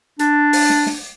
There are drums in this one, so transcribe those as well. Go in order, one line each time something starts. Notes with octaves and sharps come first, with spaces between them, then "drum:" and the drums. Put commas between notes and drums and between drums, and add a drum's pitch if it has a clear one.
D4, drum: hi-hat
drum: open hi-hat
drum: snare
drum: snare